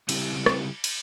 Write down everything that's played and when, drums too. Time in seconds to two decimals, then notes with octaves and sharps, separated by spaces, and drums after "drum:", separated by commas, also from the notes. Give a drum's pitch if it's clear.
0.09 C#3 G3 C4 E4 G4, drum: cymbal
0.46 drum: rim click
0.84 drum: cymbal